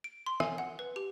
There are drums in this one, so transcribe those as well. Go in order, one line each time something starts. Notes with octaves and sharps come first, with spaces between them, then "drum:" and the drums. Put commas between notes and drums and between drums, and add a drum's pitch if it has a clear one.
D7
C6
G#5, drum: rim click
F#5
B4
G4